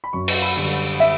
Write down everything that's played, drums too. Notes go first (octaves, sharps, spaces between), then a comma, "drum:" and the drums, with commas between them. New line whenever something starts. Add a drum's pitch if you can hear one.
B5
F#2 C#6
drum: cymbal
B5
D3 G3
E5